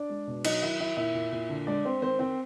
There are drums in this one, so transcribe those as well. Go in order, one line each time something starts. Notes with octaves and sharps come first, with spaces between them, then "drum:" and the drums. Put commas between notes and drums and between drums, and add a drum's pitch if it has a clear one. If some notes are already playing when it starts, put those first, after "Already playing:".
Already playing: D4 D5
G#3
B2
F#3 D#4 D#5, drum: cymbal
D#3 E4 E5
D#3 E4 E5
A#2 E4 E5
A#2
A#2
D3
G#3 D4 D5
G#3 C4 C5
D#3 C4 C5
D#3 C4 C5